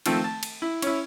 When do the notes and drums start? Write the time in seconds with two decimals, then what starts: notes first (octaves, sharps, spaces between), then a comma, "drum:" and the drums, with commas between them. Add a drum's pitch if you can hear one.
0.06 D#3 F3 A3 C4, drum: cymbal
0.24 A5
0.43 drum: cymbal
0.62 E4
0.82 C#4 E4, drum: cymbal